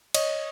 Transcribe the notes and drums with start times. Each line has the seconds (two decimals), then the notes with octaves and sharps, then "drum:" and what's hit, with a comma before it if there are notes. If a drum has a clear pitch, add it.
0.14 C#5 D#5, drum: cymbal